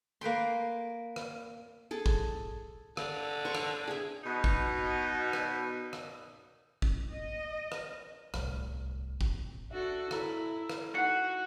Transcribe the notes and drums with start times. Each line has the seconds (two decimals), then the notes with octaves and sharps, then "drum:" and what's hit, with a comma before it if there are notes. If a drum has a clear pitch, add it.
0.21 A#3 B4 G5 C6
1.16 drum: rim click
1.91 G#4 A4
2.06 drum: kick
2.97 D3 F5, drum: rim click
3.45 C5 C#6
3.55 drum: rim click
3.87 G#4 E5
4.24 B2 D#4
4.44 drum: kick
5.33 drum: rim click
5.93 drum: rim click
6.82 drum: kick
7.12 D#5
7.72 drum: rim click
8.34 D1 C2, drum: rim click
9.21 drum: kick
9.71 D4 F#4 A4 E5
10.11 E4 A4 A#5, drum: rim click
10.70 drum: rim click
10.95 D#4 F#4 F#5 C#7